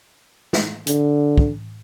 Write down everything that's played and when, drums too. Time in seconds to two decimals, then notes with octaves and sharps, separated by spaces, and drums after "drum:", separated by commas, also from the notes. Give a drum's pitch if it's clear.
0.53 drum: snare
0.87 D3, drum: hi-hat
1.38 drum: kick